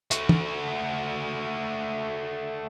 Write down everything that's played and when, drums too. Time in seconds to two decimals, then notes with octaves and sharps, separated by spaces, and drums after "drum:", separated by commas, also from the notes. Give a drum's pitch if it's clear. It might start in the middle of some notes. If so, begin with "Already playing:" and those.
0.11 A3 F#4, drum: hi-hat
0.29 drum: tom